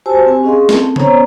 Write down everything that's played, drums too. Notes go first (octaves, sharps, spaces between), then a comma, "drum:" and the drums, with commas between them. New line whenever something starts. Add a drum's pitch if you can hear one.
F#4 G4 C5 G#5 A5 E6
C4 G4 G#5
C#4 G#4 D#5 F5 C6
C4 A4 A5, drum: snare
B3 C#4 C5 C#5 A#5, drum: tom C#3
D5